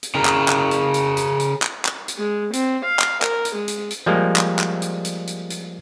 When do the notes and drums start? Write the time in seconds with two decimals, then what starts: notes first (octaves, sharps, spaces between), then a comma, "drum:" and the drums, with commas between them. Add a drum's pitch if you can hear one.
0.03 drum: hi-hat
0.15 C#3 A#4
0.25 drum: clap
0.48 drum: clap
0.71 drum: hi-hat
0.94 drum: hi-hat
1.17 drum: hi-hat
1.40 drum: hi-hat
1.62 drum: clap
1.85 drum: clap
2.08 drum: hi-hat
2.18 G#3
2.53 C4, drum: hi-hat
2.84 F5
2.99 drum: clap
3.22 A#4, drum: clap
3.45 drum: hi-hat
3.55 G#3
3.68 drum: hi-hat
3.90 drum: hi-hat
4.06 F3 G3 G#3 A#3
4.36 drum: clap
4.59 drum: clap
4.82 drum: hi-hat
5.05 drum: hi-hat
5.27 drum: hi-hat
5.50 drum: hi-hat